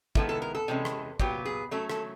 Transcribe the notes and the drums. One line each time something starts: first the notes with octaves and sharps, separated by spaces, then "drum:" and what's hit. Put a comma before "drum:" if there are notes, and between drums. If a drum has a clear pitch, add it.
D#3 G#3 B3 E4 A4, drum: kick
A4
A#4
A4
C3 E3 G#3 C#4
drum: rim click
A#2 F#3 B3 G4, drum: kick
G#4
F#3 A3 C#4 A4
A4, drum: rim click